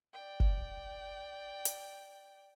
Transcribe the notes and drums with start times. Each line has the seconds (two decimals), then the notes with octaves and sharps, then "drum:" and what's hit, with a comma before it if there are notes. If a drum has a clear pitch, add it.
0.13 D5 G5
0.40 drum: kick
1.65 drum: hi-hat